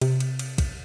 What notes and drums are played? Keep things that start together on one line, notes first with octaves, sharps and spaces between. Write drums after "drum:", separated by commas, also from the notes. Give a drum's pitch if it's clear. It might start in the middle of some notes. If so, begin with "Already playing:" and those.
C3, drum: cymbal
drum: cymbal
drum: cymbal
drum: kick, cymbal